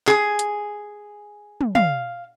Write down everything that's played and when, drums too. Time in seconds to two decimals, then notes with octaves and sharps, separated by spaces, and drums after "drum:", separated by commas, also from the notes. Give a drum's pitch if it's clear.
0.07 G#4, drum: clap
0.39 drum: hi-hat
1.61 drum: tom
1.75 F5, drum: tom